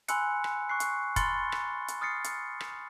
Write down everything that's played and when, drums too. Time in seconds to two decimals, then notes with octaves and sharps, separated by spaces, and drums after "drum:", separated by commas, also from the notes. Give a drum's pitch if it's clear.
0.08 G#5 B5 C6 E6 F#6 C#7, drum: hi-hat
0.44 drum: rim click
0.69 C#6 F#6 C7
0.80 drum: hi-hat
1.16 B5 C6 F6 A6 C#7 G7, drum: kick, hi-hat
1.52 drum: rim click
1.88 drum: hi-hat
2.01 D#6 F6 A6 C7 C#7
2.24 drum: hi-hat
2.61 drum: rim click